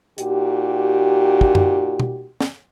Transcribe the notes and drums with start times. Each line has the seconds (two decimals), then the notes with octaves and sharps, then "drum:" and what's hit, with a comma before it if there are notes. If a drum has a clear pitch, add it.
0.18 A#2 D#4 F#4 G4, drum: hi-hat
1.41 drum: kick
1.55 drum: tom F#2
2.00 drum: tom
2.40 drum: snare